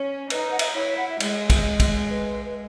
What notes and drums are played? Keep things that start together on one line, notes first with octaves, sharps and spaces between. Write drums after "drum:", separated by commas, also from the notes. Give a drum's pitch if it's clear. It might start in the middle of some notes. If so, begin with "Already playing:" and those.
Already playing: C#4 C#5
D#4 B4, drum: cymbal
F#5
E5, drum: cymbal
D#5
E4 C#5
F#5
E5
G#3 D#5, drum: cymbal
drum: kick, cymbal
drum: kick, cymbal
B4
B4